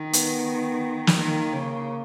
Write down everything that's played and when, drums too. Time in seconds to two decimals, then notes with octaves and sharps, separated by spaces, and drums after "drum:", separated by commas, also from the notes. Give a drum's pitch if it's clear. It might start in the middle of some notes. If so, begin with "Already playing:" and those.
Already playing: D#3
0.13 B3, drum: hi-hat
1.07 drum: snare
1.17 D#3 A#3
1.53 C#3